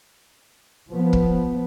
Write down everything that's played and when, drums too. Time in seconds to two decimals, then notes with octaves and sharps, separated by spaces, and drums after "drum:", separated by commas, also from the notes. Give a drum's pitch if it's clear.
0.93 F3 B3
1.13 drum: kick